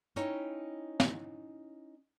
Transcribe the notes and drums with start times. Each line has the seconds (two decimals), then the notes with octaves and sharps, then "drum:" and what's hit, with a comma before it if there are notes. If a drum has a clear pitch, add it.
0.16 C#4 D#4 E4 C#5 D#5 G5, drum: hi-hat
1.00 drum: snare